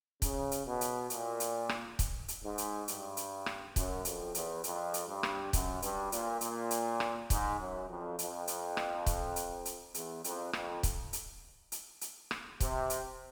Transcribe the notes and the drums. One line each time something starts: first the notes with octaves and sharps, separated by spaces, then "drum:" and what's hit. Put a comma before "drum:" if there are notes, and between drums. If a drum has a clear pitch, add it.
C#3, drum: kick, hi-hat
drum: hi-hat
B2
drum: hi-hat
A#2, drum: hi-hat
drum: hi-hat
drum: rim click
drum: kick, hi-hat
drum: hi-hat
G#2
drum: hi-hat
G2, drum: hi-hat
drum: hi-hat
drum: rim click
F#2, drum: kick, hi-hat
F2, drum: hi-hat
E2, drum: hi-hat
F2, drum: hi-hat
drum: hi-hat
G2
drum: rim click
F#2, drum: kick, hi-hat
G2, drum: hi-hat
A#2, drum: hi-hat
A#2, drum: hi-hat
drum: hi-hat
drum: rim click
G#2, drum: kick, hi-hat
F#2
F2
F2, drum: hi-hat
drum: hi-hat
drum: rim click
drum: kick, hi-hat
drum: hi-hat
drum: hi-hat
E2, drum: hi-hat
F2, drum: hi-hat
F2, drum: rim click
drum: kick, hi-hat
drum: hi-hat
drum: hi-hat
drum: hi-hat
drum: rim click
C3, drum: kick, hi-hat
drum: hi-hat